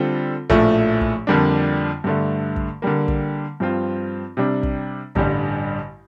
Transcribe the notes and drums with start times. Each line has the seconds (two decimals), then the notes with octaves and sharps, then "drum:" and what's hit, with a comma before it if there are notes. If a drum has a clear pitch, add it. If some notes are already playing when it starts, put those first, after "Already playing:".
Already playing: D3 G3 C4 F4 A4
0.50 A#1 A2 F3 A3, drum: kick
1.01 drum: kick
1.27 F2 D3 G3 A#3 D4
2.04 G2 D3 A3
2.56 drum: kick
2.82 D3 G3 A#3
3.08 drum: kick
3.60 G2 F3 C4 F4
4.37 C3 G3 D4
4.63 drum: kick
5.15 A1 G2 D3 G3, drum: kick